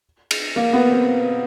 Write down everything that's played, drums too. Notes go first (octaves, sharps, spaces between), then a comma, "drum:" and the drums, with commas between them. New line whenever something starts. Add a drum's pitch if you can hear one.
drum: cymbal
A#3
B3
C4